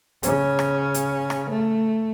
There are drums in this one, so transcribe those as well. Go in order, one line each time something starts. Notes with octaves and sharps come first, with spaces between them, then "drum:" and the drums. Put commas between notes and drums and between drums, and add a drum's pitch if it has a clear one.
C#3 C#4, drum: hi-hat
drum: rim click
drum: hi-hat
drum: rim click
A3